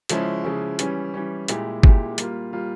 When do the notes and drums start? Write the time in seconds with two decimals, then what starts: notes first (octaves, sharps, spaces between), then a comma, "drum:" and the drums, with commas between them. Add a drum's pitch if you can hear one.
0.09 C#3 F3 G#3 C#4 E4, drum: hi-hat
0.44 C#3 F3 G#3 C#4 E4
0.79 E3 G3 C#4, drum: hi-hat
1.14 E3 G3 C#4
1.48 A#2 G#3 E4 G4, drum: hi-hat
1.83 A#2 G#3 E4 G4, drum: kick
2.18 G3 A#3 F4, drum: hi-hat
2.53 G3 A#3 F4